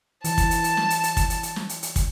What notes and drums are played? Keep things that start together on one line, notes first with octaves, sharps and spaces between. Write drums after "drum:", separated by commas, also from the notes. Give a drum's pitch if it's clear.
E3 A5, drum: hi-hat
drum: kick, hi-hat
drum: hi-hat
drum: hi-hat
drum: snare
drum: hi-hat
drum: hi-hat
drum: kick, hi-hat
drum: hi-hat
drum: hi-hat
drum: snare
drum: hi-hat
drum: hi-hat
drum: kick, hi-hat